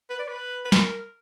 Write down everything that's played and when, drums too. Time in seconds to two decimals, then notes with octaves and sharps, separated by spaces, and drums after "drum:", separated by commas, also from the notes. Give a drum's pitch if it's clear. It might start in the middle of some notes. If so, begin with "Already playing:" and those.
0.10 B4
0.19 D5
0.28 B4
0.65 B4
0.72 A#4, drum: snare